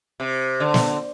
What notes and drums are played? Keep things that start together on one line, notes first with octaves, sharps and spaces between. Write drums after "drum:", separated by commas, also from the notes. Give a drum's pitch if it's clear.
C3
D3
drum: snare